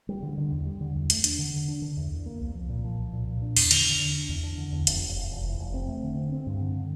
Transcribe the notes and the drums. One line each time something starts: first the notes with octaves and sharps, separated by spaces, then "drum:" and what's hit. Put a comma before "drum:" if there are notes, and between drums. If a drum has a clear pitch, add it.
G3
D3
D3
E2
G3
D3
E2
A3, drum: hi-hat
D4, drum: hi-hat
D3
D3
D4
D3
E2
E2
A#3
C2
F3
A#2
F3
C2
A#2
A#2
D4
E2, drum: open hi-hat
D3, drum: cymbal
D3
D4
D4
E2
D4
D3
E2
F1, drum: hi-hat
F1
F1
F1
E2
F1
C4
A3
D3
C4
C4
G2
D3
D3